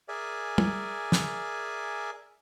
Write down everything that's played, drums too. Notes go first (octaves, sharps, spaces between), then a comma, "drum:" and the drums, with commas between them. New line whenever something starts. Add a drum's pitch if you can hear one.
G#4 A#4 D5 E5 G#5
drum: tom
drum: snare